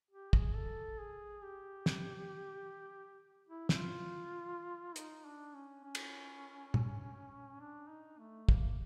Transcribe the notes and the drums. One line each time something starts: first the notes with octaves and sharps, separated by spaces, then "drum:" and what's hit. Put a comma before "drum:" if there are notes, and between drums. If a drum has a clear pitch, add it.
G4
G#4, drum: kick
A4
G#4
G4
drum: snare
E4
E4, drum: snare
F4
D#4, drum: hi-hat
D4
C#4
C#4
drum: cymbal
drum: tom
D4
D#4
A3
A#3, drum: kick